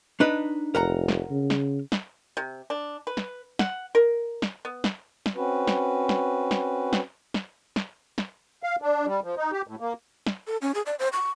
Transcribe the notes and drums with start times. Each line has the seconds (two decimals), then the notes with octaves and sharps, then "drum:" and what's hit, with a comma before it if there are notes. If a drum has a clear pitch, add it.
0.20 D4 D#4 B4
0.75 F1 A#4 F#5 A#5
1.08 drum: snare
1.30 C#3
1.50 drum: snare
1.92 drum: snare
2.37 C3
2.70 D4
3.07 B4
3.17 drum: snare
3.59 F#5, drum: snare
3.95 A#4
4.42 drum: snare
4.65 B3
4.84 drum: snare
5.26 drum: snare
5.36 C4 C#4 F#4 B4
5.67 drum: snare
6.09 drum: snare
6.51 drum: snare
6.93 drum: snare
7.34 drum: snare
7.76 drum: snare
8.18 drum: snare
8.63 F5
8.82 D4
9.06 G3
9.24 F3
9.37 D#4
9.52 G4
9.67 A2
9.80 A#3
10.26 drum: snare
10.47 A4
10.62 C#4
10.75 G#4
10.86 D5
10.99 C5
11.13 C#6